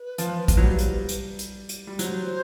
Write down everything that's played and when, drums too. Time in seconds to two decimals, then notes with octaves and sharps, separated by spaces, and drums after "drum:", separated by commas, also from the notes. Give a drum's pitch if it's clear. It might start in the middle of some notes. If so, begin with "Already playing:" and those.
Already playing: B4
0.18 F3, drum: hi-hat
0.48 drum: kick, hi-hat
0.57 F#3
0.64 G3
0.79 drum: hi-hat
1.09 drum: hi-hat
1.39 drum: hi-hat
1.69 drum: hi-hat
1.87 G3
1.99 F#3 C5, drum: hi-hat